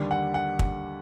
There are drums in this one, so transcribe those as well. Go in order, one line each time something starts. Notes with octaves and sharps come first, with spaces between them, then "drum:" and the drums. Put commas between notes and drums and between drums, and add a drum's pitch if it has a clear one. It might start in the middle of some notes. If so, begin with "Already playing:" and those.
Already playing: D#2 D3 G3
F#5
F#5
drum: kick